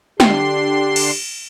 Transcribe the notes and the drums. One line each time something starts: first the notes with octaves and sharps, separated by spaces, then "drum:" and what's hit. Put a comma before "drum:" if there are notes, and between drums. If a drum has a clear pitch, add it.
D3 D4 G4 G5 C6, drum: snare
drum: cymbal